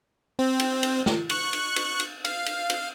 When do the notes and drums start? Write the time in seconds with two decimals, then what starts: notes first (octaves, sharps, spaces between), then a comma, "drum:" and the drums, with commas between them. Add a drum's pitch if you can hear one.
0.39 C4
0.59 drum: cymbal
0.83 drum: cymbal
1.06 drum: snare
1.29 C#6 F#6, drum: cymbal
1.53 drum: cymbal
1.76 drum: cymbal
2.00 drum: cymbal
2.25 F5, drum: cymbal
2.46 drum: cymbal
2.70 drum: cymbal